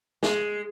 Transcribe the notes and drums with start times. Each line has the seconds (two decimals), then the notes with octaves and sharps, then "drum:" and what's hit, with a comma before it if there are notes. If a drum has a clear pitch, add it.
0.23 G#3, drum: snare